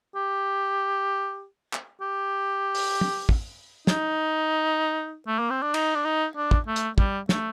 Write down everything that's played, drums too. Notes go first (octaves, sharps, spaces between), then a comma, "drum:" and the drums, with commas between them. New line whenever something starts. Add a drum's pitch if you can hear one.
G4
drum: clap
G4
drum: open hi-hat
drum: tom
drum: kick
D#4, drum: snare
A3
A#3
C4
D4
D#4, drum: cymbal
D4
D#4
D4
drum: kick
A3
drum: hi-hat
G3, drum: kick
A3, drum: snare